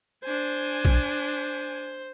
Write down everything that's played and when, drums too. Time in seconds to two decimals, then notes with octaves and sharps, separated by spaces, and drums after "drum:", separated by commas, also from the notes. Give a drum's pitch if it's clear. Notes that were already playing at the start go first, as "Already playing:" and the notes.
0.24 D4 C5 G#5
0.85 drum: kick